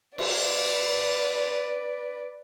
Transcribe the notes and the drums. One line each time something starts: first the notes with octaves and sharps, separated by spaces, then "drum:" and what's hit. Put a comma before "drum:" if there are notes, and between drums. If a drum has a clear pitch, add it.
B4 D5, drum: cymbal